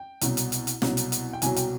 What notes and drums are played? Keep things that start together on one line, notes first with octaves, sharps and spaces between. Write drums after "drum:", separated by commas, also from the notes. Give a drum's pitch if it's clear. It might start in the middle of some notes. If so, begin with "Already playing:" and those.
Already playing: G5
C2 B2 F#3, drum: hi-hat
drum: hi-hat
drum: hi-hat
drum: hi-hat
C2 B2 F#3, drum: snare
drum: hi-hat
drum: hi-hat
G5
C2 B2 F#3 G#5, drum: hi-hat
G5, drum: hi-hat